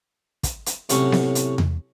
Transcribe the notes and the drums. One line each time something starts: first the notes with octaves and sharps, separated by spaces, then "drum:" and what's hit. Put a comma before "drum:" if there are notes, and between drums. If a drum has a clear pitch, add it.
drum: kick, hi-hat
drum: hi-hat
A2 C3 F#3 C#4 C#6, drum: hi-hat
drum: snare B3
drum: hi-hat
drum: tom E2